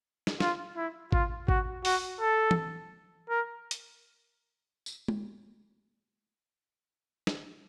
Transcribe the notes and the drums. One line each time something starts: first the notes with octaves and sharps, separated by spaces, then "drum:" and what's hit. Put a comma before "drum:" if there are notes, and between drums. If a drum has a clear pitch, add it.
drum: snare
F4, drum: snare
E4
F4, drum: kick G#1
F#4, drum: kick G#1
F#4, drum: open hi-hat
A4
drum: tom
A#4
drum: hi-hat
drum: tambourine
drum: tom G#3
drum: snare